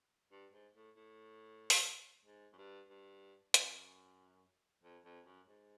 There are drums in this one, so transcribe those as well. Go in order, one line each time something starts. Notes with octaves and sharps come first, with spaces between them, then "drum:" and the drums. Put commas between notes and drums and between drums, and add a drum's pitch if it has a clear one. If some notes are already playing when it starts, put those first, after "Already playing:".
G2
G#2
A2
A2
drum: open hi-hat
G#2
F#2
G2
G2
F#2, drum: hi-hat
F2
F2
F#2
G#2